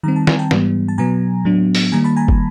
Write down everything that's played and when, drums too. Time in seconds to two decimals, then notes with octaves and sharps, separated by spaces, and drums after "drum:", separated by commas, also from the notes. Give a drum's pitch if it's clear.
0.03 D#3 G3 C4 A#5
0.16 A5
0.27 G#5, drum: snare
0.39 G5 A5
0.51 G#2 E3 G3 B3, drum: snare
0.88 A5
0.98 B2 F#3 B3 G#5 A#5
1.45 A2 F#3 B3 D4
1.75 drum: open hi-hat
1.92 D#3 G3 A#3 G#5 A#5
2.04 A5 B5
2.16 G#5 A#5
2.28 drum: kick